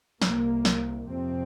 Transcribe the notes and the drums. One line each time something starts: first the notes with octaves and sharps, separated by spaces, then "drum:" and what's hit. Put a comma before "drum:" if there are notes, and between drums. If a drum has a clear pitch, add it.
C2 C3 A#3, drum: snare
drum: snare
F2 C3 C4